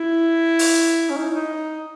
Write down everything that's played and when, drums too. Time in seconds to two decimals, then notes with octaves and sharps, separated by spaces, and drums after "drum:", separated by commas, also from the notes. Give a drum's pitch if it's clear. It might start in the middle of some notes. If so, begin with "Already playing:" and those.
Already playing: E4
0.59 drum: open hi-hat
1.10 C#4
1.17 D#4
1.34 D#4